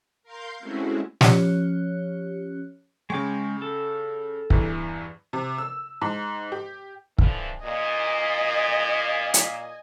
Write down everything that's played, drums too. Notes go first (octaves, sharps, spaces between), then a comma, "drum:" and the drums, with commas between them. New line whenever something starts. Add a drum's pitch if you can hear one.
A#4 F5 C6 G6
G#3 A3 C4 C#4 E4 F#4
F3 C#4 G4 C#5 F#6, drum: snare
C#3 G#3 G5 C#6 D6
A4
E2 G2 E3, drum: kick
C3
E6
G#2
G4
D3 E3 F3, drum: kick
A#2 D#5 G#5
drum: hi-hat